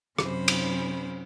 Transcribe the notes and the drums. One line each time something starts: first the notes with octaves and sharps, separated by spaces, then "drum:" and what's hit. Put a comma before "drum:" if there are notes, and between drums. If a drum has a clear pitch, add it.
F#2 C3 C#4 C5 B5, drum: rim click
drum: cymbal